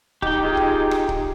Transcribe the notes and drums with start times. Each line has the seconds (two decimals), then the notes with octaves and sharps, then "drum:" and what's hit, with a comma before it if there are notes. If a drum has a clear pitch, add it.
0.22 D#4 G4 G5, drum: kick C#1
0.44 F4 G#4
0.57 drum: kick C#1
0.91 drum: rim click
1.09 drum: kick C#1